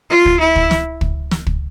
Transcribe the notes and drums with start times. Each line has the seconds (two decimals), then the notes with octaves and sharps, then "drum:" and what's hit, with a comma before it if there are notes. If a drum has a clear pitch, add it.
0.10 F4
0.25 drum: kick
0.40 E4
0.56 drum: kick
0.71 drum: snare
1.01 drum: kick
1.31 drum: snare
1.47 drum: kick